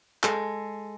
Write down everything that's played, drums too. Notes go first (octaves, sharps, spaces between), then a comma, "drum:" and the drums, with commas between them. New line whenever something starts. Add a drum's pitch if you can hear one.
G#3 A4, drum: clap